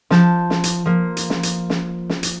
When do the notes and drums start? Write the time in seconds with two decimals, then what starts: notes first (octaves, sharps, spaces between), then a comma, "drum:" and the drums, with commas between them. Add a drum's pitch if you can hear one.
0.10 F3 A5 G6, drum: snare
0.50 drum: snare
0.64 drum: hi-hat
0.86 F3 A#3
1.17 drum: hi-hat
1.30 drum: snare
1.43 drum: hi-hat
1.70 drum: snare
2.10 drum: snare
2.23 drum: hi-hat